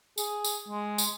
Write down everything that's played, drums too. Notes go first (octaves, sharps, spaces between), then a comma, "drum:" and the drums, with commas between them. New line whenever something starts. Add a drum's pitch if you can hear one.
G#4, drum: tambourine
drum: tambourine
G#3
drum: tambourine